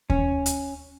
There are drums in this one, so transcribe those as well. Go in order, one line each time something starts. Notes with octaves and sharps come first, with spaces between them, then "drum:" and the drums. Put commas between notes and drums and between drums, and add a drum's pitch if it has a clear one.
C#4, drum: kick D#2
drum: hi-hat